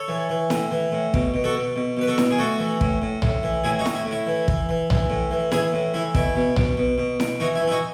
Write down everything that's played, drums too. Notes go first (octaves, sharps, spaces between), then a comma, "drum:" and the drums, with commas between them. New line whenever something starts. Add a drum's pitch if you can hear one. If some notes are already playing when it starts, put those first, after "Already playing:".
Already playing: A4 C#5
E3
E3
A2, drum: snare E4
E3
A2
B2, drum: kick
B2
F#4 A4
B2
B2
B2 B4
F#4 A4
B2, drum: snare E4
G#4
A2 F#4 A4
E3
A2, drum: kick
A2
A2, drum: tom B1
E3
A2 E4 G#4
D#4 F#4
A2, drum: snare E4
E4
A2
E4
E3
E3, drum: kick
E3
E3, drum: tom B1
A2
E3
E3 E4 G#4, drum: snare E4
A2
E3 E4
B2 E4, drum: kick
B2
B2, drum: tom B1
B2
B2
B2, drum: snare E4
E3 D#4 F#4
E4
E3
E4
D#4 F#4